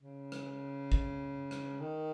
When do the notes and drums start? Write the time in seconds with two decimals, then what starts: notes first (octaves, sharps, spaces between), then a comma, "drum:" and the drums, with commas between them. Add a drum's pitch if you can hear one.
0.02 C#3
0.32 drum: rim click
0.92 drum: kick
1.51 drum: rim click
1.80 D#3